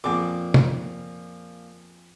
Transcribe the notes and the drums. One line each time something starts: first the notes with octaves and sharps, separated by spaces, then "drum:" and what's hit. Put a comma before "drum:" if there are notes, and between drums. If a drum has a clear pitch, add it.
F2 A#2 G#4 D6
drum: tom